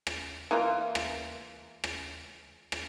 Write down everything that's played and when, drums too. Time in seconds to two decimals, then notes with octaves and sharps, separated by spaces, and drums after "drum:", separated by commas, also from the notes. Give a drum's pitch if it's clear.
0.07 drum: rim click
0.51 E3 A#3 F4
0.95 drum: rim click
1.84 drum: rim click
2.72 drum: rim click